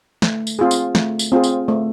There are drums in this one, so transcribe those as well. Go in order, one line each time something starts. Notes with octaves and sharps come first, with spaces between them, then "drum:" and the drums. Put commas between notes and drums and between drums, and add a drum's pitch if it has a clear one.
A3, drum: snare
drum: tambourine
C4 F4 G#4
drum: tambourine
A3, drum: snare
drum: tambourine
C4 F4 G#4
drum: tambourine
A3